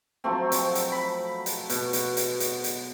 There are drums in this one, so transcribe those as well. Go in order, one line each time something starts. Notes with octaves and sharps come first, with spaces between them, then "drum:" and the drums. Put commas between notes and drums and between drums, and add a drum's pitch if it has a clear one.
F3 F#3 A3 C4
drum: hi-hat
drum: hi-hat
B5
drum: hi-hat
B2, drum: hi-hat
drum: hi-hat
drum: hi-hat
drum: hi-hat
drum: hi-hat